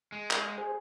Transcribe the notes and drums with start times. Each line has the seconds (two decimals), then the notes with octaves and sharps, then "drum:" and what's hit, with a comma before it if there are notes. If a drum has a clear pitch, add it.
0.12 G#3
0.31 drum: clap
0.58 G#4 C5 G#5